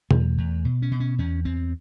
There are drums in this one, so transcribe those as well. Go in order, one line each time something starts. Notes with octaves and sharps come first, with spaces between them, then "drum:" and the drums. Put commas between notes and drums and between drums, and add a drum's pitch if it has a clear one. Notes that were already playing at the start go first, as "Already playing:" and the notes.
E2 A3, drum: tom B2
E2
B2
C#4
B2
C#4
E2 C#4
E2 C4